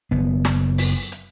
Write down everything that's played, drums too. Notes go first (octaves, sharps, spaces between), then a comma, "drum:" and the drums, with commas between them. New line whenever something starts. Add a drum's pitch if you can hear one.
F#1 B3
drum: snare
drum: open hi-hat
drum: hi-hat